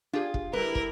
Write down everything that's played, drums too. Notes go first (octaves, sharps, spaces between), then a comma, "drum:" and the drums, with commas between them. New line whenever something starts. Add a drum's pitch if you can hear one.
D4 F4 G4 G#4
drum: kick
D3 G3 E4 A#4 B4
drum: kick